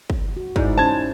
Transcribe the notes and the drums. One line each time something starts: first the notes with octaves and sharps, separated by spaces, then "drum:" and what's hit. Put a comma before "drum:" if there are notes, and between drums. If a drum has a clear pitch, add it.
drum: kick
F#4
G#2 E4 G#4 D5, drum: kick
C#4 C5 A5 G#6